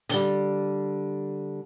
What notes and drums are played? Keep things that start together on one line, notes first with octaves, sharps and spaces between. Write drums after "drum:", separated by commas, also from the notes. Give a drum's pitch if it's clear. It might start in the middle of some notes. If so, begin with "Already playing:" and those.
D3 G3, drum: open hi-hat